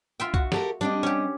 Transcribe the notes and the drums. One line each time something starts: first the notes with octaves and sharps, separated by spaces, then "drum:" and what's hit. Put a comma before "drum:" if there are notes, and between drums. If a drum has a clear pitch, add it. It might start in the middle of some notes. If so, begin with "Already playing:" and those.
F4 E5 G5
F#4, drum: kick C2
G4 A4 A#4, drum: snare
G3 C4 D4 D#5
C#4 G4